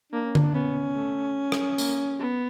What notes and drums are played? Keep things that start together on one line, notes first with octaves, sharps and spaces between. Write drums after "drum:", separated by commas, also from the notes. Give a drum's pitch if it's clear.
A#3 D4
C#4
D4, drum: tom D3
B3 C#4
A3
drum: rim click
A#3, drum: tambourine
B3